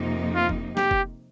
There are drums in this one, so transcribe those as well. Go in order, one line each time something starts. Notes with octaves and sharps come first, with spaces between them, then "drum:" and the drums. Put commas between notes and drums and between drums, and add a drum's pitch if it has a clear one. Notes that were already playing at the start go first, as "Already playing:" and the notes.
Already playing: F2 C3 F3 A#3 D#4
F4
drum: kick F1
G4, drum: snare
drum: kick F1